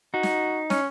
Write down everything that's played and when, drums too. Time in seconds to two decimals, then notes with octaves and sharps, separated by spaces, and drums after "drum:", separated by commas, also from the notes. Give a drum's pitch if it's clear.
0.14 D#4 F#4
0.23 drum: snare
0.70 C#4, drum: snare